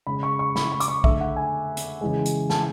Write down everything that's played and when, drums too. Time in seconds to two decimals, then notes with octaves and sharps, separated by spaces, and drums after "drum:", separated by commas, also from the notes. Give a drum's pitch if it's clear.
0.07 C#3 G#3 B5
0.23 C#6
0.39 C#6
0.56 B5, drum: snare
0.72 B5
0.80 D6, drum: hi-hat
0.88 C#6
1.04 D3 A3 E5, drum: kick
1.20 F#5
1.36 G#5
1.77 drum: hi-hat
2.01 C#3 E3 G#3
2.26 drum: hi-hat
2.50 A5, drum: snare